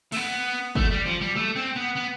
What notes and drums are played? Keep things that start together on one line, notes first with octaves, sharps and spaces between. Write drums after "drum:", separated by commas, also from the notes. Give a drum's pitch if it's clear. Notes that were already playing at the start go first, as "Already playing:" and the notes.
A3, drum: cymbal
B3
A3, drum: kick G1
G3
F3
G3
A3
C4
B3
B3